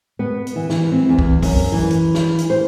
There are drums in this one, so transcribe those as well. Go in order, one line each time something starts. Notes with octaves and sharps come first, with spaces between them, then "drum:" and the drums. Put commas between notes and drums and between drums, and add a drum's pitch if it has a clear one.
B3
drum: hi-hat
E3
E3, drum: snare
C4
E2
drum: kick
F#2, drum: kick, open hi-hat
E3
drum: hi-hat
drum: snare
drum: hi-hat
C5